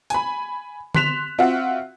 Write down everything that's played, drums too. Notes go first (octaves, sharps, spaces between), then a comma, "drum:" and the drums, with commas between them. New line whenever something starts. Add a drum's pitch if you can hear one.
G#5 B5, drum: hi-hat
C6 F#6 B6 E7 F7, drum: tom D3
C4 F4 F#4 E5 F#5